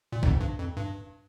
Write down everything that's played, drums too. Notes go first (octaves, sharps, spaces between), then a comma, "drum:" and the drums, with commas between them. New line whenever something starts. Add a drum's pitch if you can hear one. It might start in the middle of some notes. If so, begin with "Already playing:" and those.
A#2
F2 G#2, drum: kick
G2
F2
G2